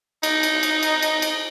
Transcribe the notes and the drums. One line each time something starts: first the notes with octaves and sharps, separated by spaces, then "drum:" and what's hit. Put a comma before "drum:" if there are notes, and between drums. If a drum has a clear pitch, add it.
D#4, drum: cymbal
drum: cymbal
drum: cymbal
drum: cymbal
drum: cymbal
drum: cymbal